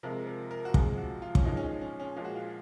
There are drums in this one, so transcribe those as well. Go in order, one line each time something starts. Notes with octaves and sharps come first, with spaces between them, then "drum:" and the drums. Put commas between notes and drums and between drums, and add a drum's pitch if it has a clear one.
C3 F3 G#3 A#4
A#4
A#4
F#4
C3 F3 G#3 G#4, drum: kick
F#4
F4
C#4, drum: kick
A#2 F3 G#3 D#4
C#4
D#4
C#4
C#4
A#2 F3 G#3
F#4
F4